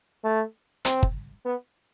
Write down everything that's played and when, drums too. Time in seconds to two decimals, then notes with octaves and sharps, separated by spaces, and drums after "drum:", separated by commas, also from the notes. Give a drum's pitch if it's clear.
0.24 A3
0.85 C4, drum: hi-hat
1.03 drum: kick G1
1.45 B3